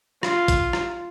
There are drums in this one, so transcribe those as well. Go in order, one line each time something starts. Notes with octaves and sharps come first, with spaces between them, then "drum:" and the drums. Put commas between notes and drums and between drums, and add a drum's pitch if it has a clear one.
F4, drum: rim click
drum: kick A1, hi-hat
drum: rim click